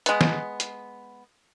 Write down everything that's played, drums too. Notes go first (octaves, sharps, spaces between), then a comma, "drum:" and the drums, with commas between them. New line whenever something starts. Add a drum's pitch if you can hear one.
G#3 B3, drum: hi-hat
drum: snare
drum: hi-hat